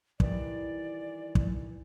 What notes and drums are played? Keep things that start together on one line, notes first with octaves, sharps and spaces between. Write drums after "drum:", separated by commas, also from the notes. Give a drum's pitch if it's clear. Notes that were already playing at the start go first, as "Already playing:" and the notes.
D#3 E3 G3 D5, drum: kick
drum: kick